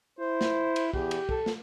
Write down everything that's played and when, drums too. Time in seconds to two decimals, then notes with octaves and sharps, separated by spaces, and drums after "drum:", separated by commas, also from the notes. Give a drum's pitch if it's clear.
0.19 E4 C5
0.41 drum: snare
0.76 drum: cymbal
0.93 E2 G4, drum: kick
1.11 drum: cymbal
1.29 A4, drum: kick
1.46 drum: snare